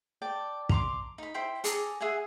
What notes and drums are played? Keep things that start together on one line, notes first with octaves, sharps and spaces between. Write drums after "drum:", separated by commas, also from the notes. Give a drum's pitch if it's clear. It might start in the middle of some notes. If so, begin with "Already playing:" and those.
D5 G5 A5
A#5 C6 D6, drum: kick
D#4 B5
E4 C5 G5 B5
G#4 A4 A#5 D6, drum: hi-hat
G#4 E5 F#5 G#5